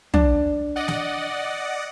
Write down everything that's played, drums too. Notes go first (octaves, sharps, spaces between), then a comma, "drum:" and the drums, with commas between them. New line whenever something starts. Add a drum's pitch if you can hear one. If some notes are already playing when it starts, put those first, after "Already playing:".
D4, drum: tom
D5 D#5 F#5
drum: snare